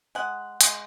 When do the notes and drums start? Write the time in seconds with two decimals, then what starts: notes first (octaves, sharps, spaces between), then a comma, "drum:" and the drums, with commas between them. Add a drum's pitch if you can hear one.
0.15 G#3 F#5
0.61 G#3, drum: hi-hat